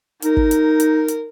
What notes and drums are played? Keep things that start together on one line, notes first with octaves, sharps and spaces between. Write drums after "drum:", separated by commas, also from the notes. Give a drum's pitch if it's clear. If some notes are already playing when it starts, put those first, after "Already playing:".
D#4 A#4, drum: hi-hat
drum: kick
drum: hi-hat
drum: hi-hat
drum: hi-hat